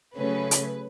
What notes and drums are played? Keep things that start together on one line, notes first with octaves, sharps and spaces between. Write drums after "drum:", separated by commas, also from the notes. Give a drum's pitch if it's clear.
C#3 F#3 A3 C#4 B4
drum: hi-hat